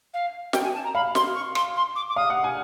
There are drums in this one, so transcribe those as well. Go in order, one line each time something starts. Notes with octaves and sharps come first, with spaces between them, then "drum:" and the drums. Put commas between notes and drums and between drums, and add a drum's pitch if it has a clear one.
F5
G5, drum: snare
G#5
A5
A#5
F5 B5
C6, drum: snare
C#6
C6, drum: rim click
C6
D6
D6
F5 D#6
F#5
G#5